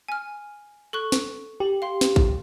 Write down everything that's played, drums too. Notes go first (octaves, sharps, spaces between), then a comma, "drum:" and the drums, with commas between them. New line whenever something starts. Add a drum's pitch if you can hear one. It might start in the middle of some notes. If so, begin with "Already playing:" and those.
G#5 F6
A4 C#6 F#6
drum: snare
G4
F5 C6
drum: snare
drum: kick A1